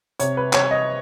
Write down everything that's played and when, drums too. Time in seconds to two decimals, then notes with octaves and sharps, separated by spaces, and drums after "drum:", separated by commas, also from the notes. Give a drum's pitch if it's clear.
0.19 C3 C#5, drum: hi-hat
0.37 B4
0.53 C3 C#5, drum: clap
0.71 D#5